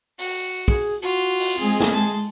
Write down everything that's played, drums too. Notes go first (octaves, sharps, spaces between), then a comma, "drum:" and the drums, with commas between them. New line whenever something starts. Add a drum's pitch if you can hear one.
F#4, drum: open hi-hat
G#4, drum: kick
F4 F#4
drum: open hi-hat
G#3 C4 G#4
drum: snare
A5 C6